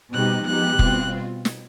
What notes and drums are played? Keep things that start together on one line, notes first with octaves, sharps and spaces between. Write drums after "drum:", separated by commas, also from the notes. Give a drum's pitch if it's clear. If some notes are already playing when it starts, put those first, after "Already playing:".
B2 G3 C4 D#4 G4 F#6
F3 G#3 B3 D#4 G4 F#6
B2 G3 C4 F4, drum: kick F1
drum: snare